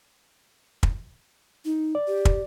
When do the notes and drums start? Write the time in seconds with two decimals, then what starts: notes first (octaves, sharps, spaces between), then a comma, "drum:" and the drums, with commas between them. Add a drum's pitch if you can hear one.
0.83 drum: kick
1.65 D#4
1.95 D5
2.08 G4
2.25 drum: kick